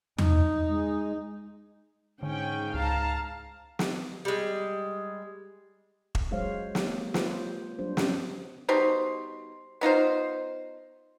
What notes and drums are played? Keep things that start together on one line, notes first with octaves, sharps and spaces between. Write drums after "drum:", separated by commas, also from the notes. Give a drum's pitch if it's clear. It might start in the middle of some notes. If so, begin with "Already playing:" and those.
D#4, drum: tom E2
G#3
G#2 D3 C#4 G5
C#2 F5 A5 A#5
drum: snare
G3 G#3
drum: kick E1
F#3 G#3 C5 C#5 F5
F#3 A#3 G4, drum: snare
F4 G4 B4 C5, drum: snare
F#3 G3 D4 C5
F#3 G3 C4 C#4 G4, drum: snare
B2 G3 D#4 C5
B3 D#4 F4 C5